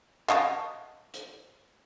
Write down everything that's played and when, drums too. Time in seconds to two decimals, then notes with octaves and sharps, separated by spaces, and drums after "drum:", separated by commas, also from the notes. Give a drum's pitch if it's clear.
0.29 D#5 F5 F#5 A5 C#6 D#6, drum: clap
1.14 drum: hi-hat